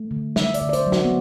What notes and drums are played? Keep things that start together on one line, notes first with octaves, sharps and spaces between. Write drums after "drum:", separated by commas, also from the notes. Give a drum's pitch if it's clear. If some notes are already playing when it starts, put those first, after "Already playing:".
Already playing: A3
D3
D3 E5, drum: snare
D5, drum: hi-hat
D3
D5
C5, drum: hi-hat
F#3
F#4, drum: snare
B3